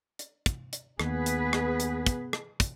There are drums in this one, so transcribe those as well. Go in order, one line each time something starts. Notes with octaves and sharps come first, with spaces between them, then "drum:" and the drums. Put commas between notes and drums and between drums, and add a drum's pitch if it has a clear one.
drum: hi-hat
drum: kick, hi-hat
drum: hi-hat
D#2 B3 G#4 B4, drum: rim click
drum: hi-hat
drum: rim click
drum: hi-hat
drum: kick, hi-hat
drum: rim click
drum: kick, hi-hat